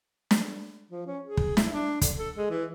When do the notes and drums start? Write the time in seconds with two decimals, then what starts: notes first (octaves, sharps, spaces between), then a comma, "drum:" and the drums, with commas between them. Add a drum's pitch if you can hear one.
0.31 drum: snare
0.91 F3
1.07 C#4
1.23 G#4
1.37 drum: kick
1.57 E4, drum: snare
1.72 D4
2.01 D3, drum: kick, hi-hat
2.17 A4
2.36 G#3
2.50 E3